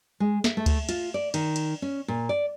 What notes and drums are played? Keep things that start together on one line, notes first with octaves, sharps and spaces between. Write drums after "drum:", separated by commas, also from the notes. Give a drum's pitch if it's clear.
G#3
E5, drum: snare
A3
drum: kick D2, cymbal
F4, drum: cymbal
D5
D#3, drum: cymbal
drum: cymbal
C#4
A#2
D5